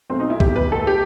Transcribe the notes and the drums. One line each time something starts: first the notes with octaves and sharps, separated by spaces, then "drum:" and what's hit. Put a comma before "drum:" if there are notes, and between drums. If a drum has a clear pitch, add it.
B1 B2 A3 C4
D#4
E4
G4, drum: kick
B4
D#2 D#3 A3 A4
G4